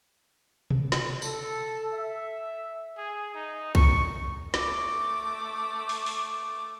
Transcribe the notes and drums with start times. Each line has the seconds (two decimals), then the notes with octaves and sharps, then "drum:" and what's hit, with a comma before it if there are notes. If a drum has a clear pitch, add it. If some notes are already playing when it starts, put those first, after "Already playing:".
0.70 drum: tom B2
0.92 drum: snare
1.22 A4, drum: tambourine
1.94 E5
2.97 G#4
3.34 D#4
3.75 C#6, drum: kick B1
4.54 A3 D6, drum: snare
5.89 drum: open hi-hat
6.06 drum: open hi-hat